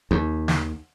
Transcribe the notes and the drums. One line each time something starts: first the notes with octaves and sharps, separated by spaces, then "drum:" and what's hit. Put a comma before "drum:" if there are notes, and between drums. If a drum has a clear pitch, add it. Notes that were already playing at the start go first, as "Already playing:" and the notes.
D#2
drum: snare